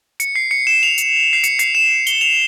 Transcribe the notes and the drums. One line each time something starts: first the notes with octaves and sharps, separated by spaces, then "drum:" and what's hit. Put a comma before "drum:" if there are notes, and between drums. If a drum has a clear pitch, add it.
C#7, drum: hi-hat
C7
C#7
E7
F7
drum: hi-hat
C7
C#7, drum: hi-hat
C7, drum: hi-hat
E7
G7, drum: hi-hat
F7